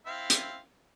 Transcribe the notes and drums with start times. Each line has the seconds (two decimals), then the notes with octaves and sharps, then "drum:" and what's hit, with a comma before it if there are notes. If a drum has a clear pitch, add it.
0.07 C4 E4 F5
0.30 drum: hi-hat